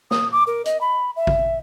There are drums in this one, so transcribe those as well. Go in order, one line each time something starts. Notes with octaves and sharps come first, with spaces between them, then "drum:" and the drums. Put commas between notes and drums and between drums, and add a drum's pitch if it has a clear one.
D#6, drum: snare
D6
A#4
D#5, drum: hi-hat
B5
E5
drum: kick G#1